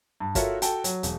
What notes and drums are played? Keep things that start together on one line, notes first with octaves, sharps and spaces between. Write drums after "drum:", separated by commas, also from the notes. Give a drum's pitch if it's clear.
G2
F4 F#4 A4 A#4 C#5 E5, drum: kick, hi-hat
F#4 A4 G5 A5, drum: hi-hat
F#3, drum: hi-hat
E1, drum: hi-hat